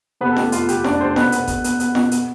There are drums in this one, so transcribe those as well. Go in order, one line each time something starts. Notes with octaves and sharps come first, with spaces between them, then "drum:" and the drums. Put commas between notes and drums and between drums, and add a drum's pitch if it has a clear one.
C3 B3 B4
A4
A3 G4, drum: snare
A3 F4, drum: hi-hat
C3 G4, drum: hi-hat
A3 D4 D5, drum: snare
C3 C4 C5
B2 B3 B4, drum: snare
B3, drum: hi-hat
B3, drum: kick G#1, hi-hat
B3, drum: hi-hat
B3, drum: hi-hat
B2, drum: snare
B3, drum: hi-hat